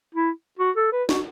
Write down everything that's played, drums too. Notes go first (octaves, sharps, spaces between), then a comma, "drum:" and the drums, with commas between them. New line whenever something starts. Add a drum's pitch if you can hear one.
E4
F#4
A4
B4
F#4, drum: snare